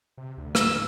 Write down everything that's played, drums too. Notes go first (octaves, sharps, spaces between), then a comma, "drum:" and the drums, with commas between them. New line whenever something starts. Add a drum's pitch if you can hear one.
C3
D2
G#2 E6, drum: rim click